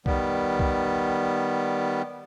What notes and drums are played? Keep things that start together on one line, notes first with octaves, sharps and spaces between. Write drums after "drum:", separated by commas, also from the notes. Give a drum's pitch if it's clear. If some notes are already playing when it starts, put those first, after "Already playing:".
D#3 G3 B3, drum: kick
drum: kick